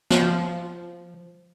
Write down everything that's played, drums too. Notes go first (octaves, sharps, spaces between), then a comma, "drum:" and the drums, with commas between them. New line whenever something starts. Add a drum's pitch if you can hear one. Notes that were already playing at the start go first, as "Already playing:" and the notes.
F3, drum: snare